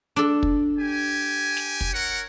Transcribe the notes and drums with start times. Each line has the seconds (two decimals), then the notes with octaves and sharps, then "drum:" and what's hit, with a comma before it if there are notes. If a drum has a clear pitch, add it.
0.16 D4 A4
0.43 drum: kick
0.79 G4 G#5
1.57 drum: snare
1.81 drum: kick
1.94 A#4 C#5 F#5